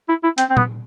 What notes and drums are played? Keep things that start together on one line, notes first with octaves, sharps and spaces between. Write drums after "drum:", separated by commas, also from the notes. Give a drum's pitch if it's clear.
E4
E4
C4, drum: hi-hat
C4
B3, drum: tom A#2